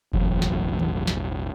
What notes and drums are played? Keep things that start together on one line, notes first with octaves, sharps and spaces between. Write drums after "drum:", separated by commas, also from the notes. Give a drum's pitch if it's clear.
E1 A1 E2 F#3, drum: kick F#1
drum: snare
drum: tom D#3
drum: snare